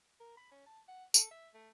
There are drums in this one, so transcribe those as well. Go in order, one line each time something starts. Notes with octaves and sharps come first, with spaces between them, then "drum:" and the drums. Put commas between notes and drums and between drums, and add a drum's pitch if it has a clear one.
A#4
B5
C#4
A5
F#5
A4, drum: tambourine
E5
A3